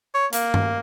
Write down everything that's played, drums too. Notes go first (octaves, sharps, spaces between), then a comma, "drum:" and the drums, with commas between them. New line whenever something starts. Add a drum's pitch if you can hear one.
C#5
A#3, drum: hi-hat
drum: tom G2